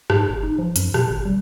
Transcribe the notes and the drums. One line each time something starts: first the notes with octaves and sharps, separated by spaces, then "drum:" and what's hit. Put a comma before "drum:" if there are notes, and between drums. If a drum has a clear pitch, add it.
G#2, drum: rim click
G1
D#4
F3
F#2, drum: hi-hat
B2, drum: rim click
G#1
G3